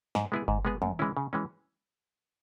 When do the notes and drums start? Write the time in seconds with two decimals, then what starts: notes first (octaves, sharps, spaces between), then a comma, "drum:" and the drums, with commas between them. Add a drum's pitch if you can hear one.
0.15 G#2, drum: snare
0.32 G#3 B3 E4 G#4
0.48 G#2, drum: kick G1
0.65 G#3 B3 G#4
0.82 F#2, drum: tom
0.99 E3 G#3 C#4 E4
1.17 C#3
1.33 E3 G#3 C#4